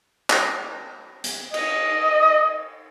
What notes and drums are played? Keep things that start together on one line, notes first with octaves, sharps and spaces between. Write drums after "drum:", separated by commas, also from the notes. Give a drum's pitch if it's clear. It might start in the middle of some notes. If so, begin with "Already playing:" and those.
drum: clap
drum: hi-hat
D#5, drum: cymbal